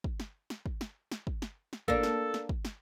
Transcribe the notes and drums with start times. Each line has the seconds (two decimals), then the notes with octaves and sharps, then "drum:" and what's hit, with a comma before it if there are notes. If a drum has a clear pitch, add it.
0.04 drum: kick
0.20 drum: snare
0.50 drum: snare
0.66 drum: kick
0.81 drum: snare
1.12 drum: snare
1.27 drum: kick
1.42 drum: snare
1.73 drum: snare
1.88 A#3 D4 A4, drum: kick
2.03 drum: snare
2.34 drum: snare
2.49 drum: kick
2.65 drum: snare